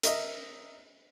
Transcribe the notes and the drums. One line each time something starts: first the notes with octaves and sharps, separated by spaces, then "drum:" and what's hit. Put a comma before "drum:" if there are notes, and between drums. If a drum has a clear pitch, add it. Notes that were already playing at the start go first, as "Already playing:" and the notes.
A#4 D#5 E5, drum: hi-hat